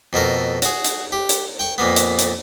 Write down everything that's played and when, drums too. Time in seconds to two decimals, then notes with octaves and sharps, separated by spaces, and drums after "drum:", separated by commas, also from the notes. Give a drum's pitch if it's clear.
0.13 F2 B2 A3 A#4
0.62 F#4 G#4, drum: hi-hat
0.84 drum: hi-hat
1.12 G4
1.29 drum: hi-hat
1.59 G5 C#6
1.78 F2 A#2 A#3 B3
1.96 drum: hi-hat
2.19 drum: hi-hat